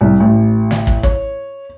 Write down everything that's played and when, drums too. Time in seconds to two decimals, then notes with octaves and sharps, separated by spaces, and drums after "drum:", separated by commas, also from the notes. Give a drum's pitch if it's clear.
0.01 C2
0.20 A1
0.71 drum: snare
0.87 drum: kick
1.03 C#5, drum: kick